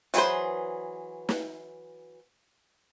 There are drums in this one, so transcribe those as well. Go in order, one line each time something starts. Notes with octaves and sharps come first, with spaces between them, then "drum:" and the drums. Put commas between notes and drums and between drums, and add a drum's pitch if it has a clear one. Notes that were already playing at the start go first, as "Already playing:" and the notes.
E3 F#3 G#4 B4 C5, drum: hi-hat
drum: snare